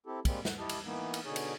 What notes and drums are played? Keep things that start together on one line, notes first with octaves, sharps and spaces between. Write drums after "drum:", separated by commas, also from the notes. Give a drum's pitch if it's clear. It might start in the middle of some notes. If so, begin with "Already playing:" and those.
C4 E4 G4 A4
G3 G#3 A#3 C4, drum: kick, cymbal
F#5, drum: snare
E4 G4 D#5 A5
drum: cymbal
E3 A#3 B3 D#4
drum: cymbal
B2 D3 D#4 G#4 C#5
drum: cymbal